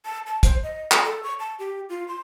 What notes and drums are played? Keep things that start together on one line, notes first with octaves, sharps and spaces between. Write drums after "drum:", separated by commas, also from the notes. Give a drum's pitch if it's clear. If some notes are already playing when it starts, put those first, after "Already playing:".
A5
A5
C5, drum: kick, hi-hat
D#5
D#6, drum: clap
A4
C#6
A5
G4
F4
C6